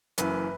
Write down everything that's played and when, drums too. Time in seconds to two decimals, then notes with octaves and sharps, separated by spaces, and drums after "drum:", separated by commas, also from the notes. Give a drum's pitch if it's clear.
0.18 F#1 F#2 E3 B4, drum: hi-hat